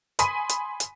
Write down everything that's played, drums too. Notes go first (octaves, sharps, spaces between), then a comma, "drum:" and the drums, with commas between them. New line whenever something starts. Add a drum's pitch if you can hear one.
G#5 B5 C6 D#6 B6 D#7, drum: hi-hat
drum: hi-hat
drum: hi-hat